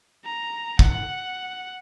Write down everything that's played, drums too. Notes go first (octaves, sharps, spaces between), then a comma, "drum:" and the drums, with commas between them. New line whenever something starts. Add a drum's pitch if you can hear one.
A#5
F#5, drum: kick